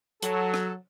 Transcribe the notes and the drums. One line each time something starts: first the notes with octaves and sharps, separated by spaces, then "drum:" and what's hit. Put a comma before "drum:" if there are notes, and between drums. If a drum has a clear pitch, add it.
F#3 A4 A5, drum: hi-hat
drum: rim click